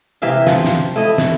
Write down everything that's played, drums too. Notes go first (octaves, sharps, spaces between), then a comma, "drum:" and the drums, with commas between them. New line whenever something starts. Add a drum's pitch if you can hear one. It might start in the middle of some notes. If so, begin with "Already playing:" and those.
C3 E3 E5 F5
F3, drum: snare
drum: snare
A3 E4 D#5
drum: snare